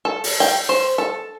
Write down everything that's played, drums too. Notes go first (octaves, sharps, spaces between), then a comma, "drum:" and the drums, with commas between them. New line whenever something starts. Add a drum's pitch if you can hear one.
A4
drum: open hi-hat
G5
C5
A4